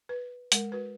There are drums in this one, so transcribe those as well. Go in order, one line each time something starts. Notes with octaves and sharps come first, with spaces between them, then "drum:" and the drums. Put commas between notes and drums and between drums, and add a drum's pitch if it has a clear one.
B4
G#3 A#4, drum: hi-hat
F#4 B4